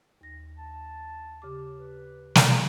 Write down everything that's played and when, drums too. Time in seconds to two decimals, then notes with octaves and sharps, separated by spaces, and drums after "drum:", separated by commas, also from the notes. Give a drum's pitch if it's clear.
0.21 D#2 A#6
0.58 A5
1.42 C#3 G4 D6
1.79 B4
2.35 drum: snare